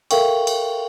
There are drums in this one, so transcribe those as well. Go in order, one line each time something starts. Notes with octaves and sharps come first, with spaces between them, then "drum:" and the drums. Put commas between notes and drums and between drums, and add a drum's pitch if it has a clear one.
A4 A#4 E5 F5 G5 C#6, drum: cymbal
drum: cymbal